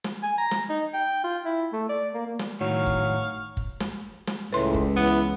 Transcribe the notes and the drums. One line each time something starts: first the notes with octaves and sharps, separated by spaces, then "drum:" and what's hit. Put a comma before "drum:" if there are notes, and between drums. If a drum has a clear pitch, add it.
drum: snare
G#5
A#5
drum: snare
D#4
G5
F4
E4
A3
D5
A#3
A#3
drum: snare
A2 D#3 F#3 F5 C#6 F6
drum: kick F#1
drum: kick F#1
drum: snare
drum: snare
C#2 A2 B4 C6
drum: kick F#1
E3 B3